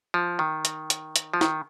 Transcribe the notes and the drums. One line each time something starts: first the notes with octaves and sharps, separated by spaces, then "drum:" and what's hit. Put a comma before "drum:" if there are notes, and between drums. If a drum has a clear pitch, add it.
F3
D#3
drum: hi-hat
drum: hi-hat
drum: hi-hat
F3
D#3, drum: snare